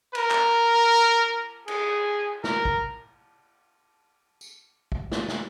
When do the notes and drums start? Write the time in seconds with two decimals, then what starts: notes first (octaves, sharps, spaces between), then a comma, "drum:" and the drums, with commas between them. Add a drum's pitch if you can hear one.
0.15 A#4, drum: cymbal
0.31 drum: clap
1.68 G#4, drum: cymbal
2.44 A#4, drum: snare
2.65 drum: kick
4.41 drum: tambourine
4.92 drum: kick
5.12 drum: snare
5.28 drum: snare